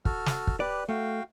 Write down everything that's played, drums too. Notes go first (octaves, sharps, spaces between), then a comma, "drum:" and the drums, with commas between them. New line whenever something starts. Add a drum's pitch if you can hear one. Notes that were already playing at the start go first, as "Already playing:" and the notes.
F#4 A4 F6, drum: kick
drum: snare
drum: kick
G4 B4 D5 F#6
A3 F#4 F5 G5